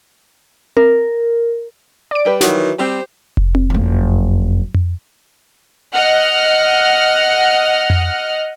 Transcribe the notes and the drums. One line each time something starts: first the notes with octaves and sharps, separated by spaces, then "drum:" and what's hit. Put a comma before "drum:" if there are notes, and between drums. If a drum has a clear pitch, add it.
A#4, drum: tom C4
D5 D7
G3 G4 B4
D#3 E3 F#3 F#4, drum: snare
G3 C4 G4 C5
drum: kick F1
drum: tom C4
F#1 F2
drum: tom F2
D#5 F#5 F6
drum: tom F2